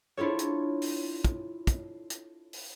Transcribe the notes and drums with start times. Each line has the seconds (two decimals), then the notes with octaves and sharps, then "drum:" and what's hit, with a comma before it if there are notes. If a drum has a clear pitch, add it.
0.17 D4 E4 F4 A4 C#5
0.39 drum: hi-hat
0.82 drum: open hi-hat
1.24 drum: kick, hi-hat
1.67 drum: kick, hi-hat
2.10 drum: hi-hat
2.53 drum: open hi-hat